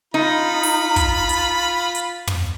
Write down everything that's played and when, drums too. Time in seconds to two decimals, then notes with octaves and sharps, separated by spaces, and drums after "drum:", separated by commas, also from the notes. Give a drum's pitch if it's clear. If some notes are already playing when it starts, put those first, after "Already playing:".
0.14 D#4 F4 B5
0.63 drum: open hi-hat
0.96 drum: kick, hi-hat
1.29 drum: hi-hat
1.95 drum: hi-hat
2.27 drum: tom